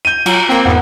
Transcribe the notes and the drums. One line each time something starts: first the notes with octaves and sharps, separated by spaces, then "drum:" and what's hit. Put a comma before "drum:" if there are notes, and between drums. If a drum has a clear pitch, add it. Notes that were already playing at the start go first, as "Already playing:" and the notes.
G6 D#7
F#3 F4 A#5, drum: cymbal
A#3 C4 G5
E2 G#2 B3 F#5